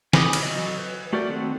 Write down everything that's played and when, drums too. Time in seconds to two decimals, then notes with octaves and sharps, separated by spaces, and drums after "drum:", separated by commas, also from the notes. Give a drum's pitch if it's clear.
0.13 G#5 B5 D6 D#6, drum: snare
0.33 drum: cymbal
0.43 F#3 D#5
0.79 B4
1.13 A3 F#4 G4 A#4 D5
1.30 D#3 A3 C4 F#5